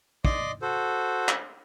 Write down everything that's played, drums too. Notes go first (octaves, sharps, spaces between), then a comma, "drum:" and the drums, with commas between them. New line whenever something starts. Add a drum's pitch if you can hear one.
D5 D#5 C6 D6, drum: kick
F#4 A4 C5
drum: clap